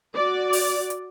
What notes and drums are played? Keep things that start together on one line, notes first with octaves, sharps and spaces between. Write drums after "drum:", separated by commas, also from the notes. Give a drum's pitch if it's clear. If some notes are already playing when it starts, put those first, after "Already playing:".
F#4 D5
drum: open hi-hat
drum: hi-hat